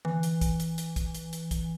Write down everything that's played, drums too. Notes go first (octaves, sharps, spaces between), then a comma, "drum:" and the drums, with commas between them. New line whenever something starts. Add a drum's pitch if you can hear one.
E3, drum: tom D3
drum: hi-hat
drum: kick, hi-hat
drum: hi-hat
drum: hi-hat
drum: kick, hi-hat
drum: hi-hat
drum: hi-hat
drum: kick, hi-hat